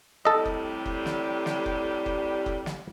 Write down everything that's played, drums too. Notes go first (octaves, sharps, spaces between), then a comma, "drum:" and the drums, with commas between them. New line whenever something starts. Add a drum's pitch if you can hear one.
A2 C3 G3 A4 D#5
drum: kick F#1
drum: kick F#1
drum: snare
drum: snare
drum: kick F#1
drum: kick F#1
drum: kick F#1
drum: snare